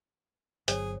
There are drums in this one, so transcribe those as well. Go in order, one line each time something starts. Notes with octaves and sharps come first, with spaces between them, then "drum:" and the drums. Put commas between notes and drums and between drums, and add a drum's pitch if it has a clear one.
G1 F#3 G#4 C5 C#5, drum: hi-hat